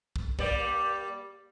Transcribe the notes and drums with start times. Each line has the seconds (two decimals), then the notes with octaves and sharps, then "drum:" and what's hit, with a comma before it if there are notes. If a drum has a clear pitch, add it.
0.16 drum: kick
0.39 G3 A#3 D5, drum: kick